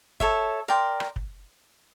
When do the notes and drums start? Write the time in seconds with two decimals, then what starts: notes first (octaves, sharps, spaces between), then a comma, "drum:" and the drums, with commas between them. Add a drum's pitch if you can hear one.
0.20 A4 C#5 E5, drum: kick
0.68 A#4 D5 G5 C6
1.00 drum: rim click
1.16 drum: kick